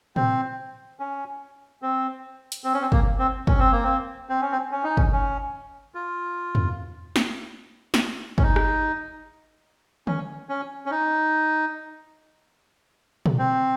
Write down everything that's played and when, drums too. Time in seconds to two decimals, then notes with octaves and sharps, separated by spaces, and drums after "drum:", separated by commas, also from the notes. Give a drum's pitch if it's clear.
0.16 C4, drum: tom A2
1.00 C#4
1.82 C4
2.52 drum: hi-hat
2.64 C4
2.74 C#4
2.82 C4
2.92 A#3, drum: kick
3.19 C4
3.47 C#4, drum: kick
3.59 C4
3.72 A#3
3.83 C4
4.29 C4
4.41 C#4
4.52 C4
4.71 C#4
4.84 D#4
4.97 C#4, drum: kick
5.13 C#4
5.95 F4
6.55 drum: tom E2
7.16 drum: snare
7.94 drum: snare
8.38 C#4, drum: kick
8.43 D#4
8.56 drum: rim click
10.07 C#4, drum: tom
10.49 C#4
10.86 C#4
10.91 D#4
13.26 drum: tom A#2
13.39 C4